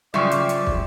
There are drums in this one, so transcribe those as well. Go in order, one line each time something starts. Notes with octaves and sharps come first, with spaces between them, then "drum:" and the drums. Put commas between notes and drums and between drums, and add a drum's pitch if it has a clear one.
C#3 F3 D5 E5 G5 C6 C#6 F6, drum: tom F#3
drum: hi-hat
drum: hi-hat
drum: kick